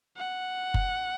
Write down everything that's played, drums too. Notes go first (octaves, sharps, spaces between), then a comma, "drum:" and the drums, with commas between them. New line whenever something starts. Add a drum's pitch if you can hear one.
F#5
drum: kick F#1